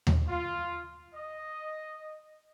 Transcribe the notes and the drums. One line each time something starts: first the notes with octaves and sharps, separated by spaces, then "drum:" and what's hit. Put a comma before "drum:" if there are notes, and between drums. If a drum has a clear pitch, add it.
drum: tom D#2
F4
D#5